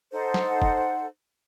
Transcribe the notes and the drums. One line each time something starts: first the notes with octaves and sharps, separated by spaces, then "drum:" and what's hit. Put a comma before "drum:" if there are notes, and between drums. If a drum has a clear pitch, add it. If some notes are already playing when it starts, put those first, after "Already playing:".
D#4 A4 C5 F#5
drum: snare
drum: kick